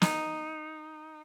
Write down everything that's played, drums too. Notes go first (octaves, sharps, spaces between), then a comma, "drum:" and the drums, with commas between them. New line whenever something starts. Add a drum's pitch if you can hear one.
D#4, drum: snare